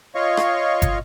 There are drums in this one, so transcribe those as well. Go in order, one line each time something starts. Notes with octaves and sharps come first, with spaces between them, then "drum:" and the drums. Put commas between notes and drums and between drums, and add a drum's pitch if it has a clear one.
F4 C#5 D#5 F5 C#6
drum: rim click
drum: kick, hi-hat